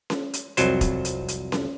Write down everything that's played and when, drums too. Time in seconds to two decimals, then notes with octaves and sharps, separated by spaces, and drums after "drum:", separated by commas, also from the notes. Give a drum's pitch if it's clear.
0.10 drum: snare C#4
0.34 drum: hi-hat
0.57 C2 F2 F#3 C5, drum: hi-hat
0.81 drum: kick, hi-hat
1.05 drum: hi-hat
1.28 drum: hi-hat
1.52 drum: snare C#4